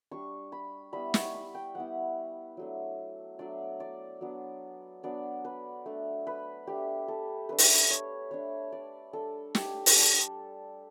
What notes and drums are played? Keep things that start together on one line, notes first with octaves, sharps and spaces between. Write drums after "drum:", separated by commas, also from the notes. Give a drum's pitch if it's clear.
G3 D4 C#6
B5
G3 B3 E4 B5
C#6, drum: snare
B5
G5
G3 B3 E4 F#5
F#3 A3 D4
F#3 A3 D4 D5
D5
F#3 B3 D4
F#3 B3 D4 D5
B4
A3 D4
B4
A3 D4 G4
A4
A3 D4 B4
drum: open hi-hat
C#5
A3 D4 C#5
D5
G3 D4 A4
G4, drum: snare
drum: open hi-hat
G3 D4 A4